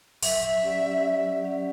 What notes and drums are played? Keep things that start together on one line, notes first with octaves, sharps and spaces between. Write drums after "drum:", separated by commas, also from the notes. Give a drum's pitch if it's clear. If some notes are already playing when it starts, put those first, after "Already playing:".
F#3 E5, drum: open hi-hat
C#4 G4 D5 F#5
F#3
C#4 G4 D5 F#5